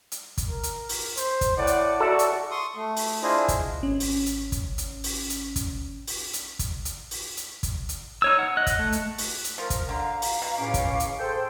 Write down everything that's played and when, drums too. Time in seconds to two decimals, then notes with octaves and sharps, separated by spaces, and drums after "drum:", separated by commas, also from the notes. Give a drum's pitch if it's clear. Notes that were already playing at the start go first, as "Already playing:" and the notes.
0.12 drum: hi-hat
0.37 drum: kick, hi-hat
0.49 A#4
0.63 drum: hi-hat
0.89 drum: open hi-hat
1.17 C5, drum: hi-hat
1.41 drum: kick, hi-hat
1.57 A2 D5 F#5
1.67 drum: hi-hat
2.00 F#4 A4 D5 E5
2.19 drum: hi-hat
2.51 C6 C#6 D#6
2.76 A3
2.97 drum: open hi-hat
3.22 D4 E4 F4 G#4 C5 D#5
3.48 drum: kick, hi-hat
3.80 G#1 C#4
4.00 drum: open hi-hat
4.26 drum: hi-hat
4.52 drum: kick, hi-hat
4.78 drum: hi-hat
5.04 drum: open hi-hat
5.30 drum: hi-hat
5.56 drum: kick, hi-hat
6.07 drum: open hi-hat
6.33 drum: hi-hat
6.59 drum: kick, hi-hat
6.85 drum: hi-hat
7.11 drum: open hi-hat
7.37 drum: hi-hat
7.63 drum: kick, hi-hat
7.89 drum: hi-hat
8.22 D#4 C#5 E6
8.39 F#5
8.57 D#5 F#6
8.67 drum: kick, hi-hat
8.79 A3
8.92 drum: hi-hat
9.18 drum: open hi-hat
9.44 drum: hi-hat
9.58 F3 A#4
9.70 drum: kick, hi-hat
9.89 D3 F5 A#5
10.22 drum: open hi-hat
10.42 B2 A#5
10.59 C#2 A2 C#4 F5 D6
10.74 drum: kick, hi-hat
11.00 drum: hi-hat
11.19 G#4 A4 C5 G5